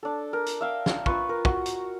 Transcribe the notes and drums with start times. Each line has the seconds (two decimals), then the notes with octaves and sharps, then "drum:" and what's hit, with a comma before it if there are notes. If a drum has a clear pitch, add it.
0.03 D4 A4
0.33 A#4
0.46 drum: hi-hat
0.61 E5 F5 G5
0.86 drum: snare
1.06 F4 B4 C#6, drum: kick
1.29 A#4
1.45 F#4, drum: kick
1.66 drum: hi-hat